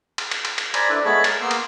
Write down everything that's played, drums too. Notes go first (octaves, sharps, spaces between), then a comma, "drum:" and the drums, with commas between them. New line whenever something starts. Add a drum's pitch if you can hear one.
drum: cymbal
drum: cymbal
drum: cymbal
drum: cymbal
C5 D5 G#5 A#5 B5, drum: cymbal
D4 E4 A4 B4
G#3 A3 B3 C#5 A5 B5
A#4, drum: cymbal
A#3 B3 C6 E6
drum: cymbal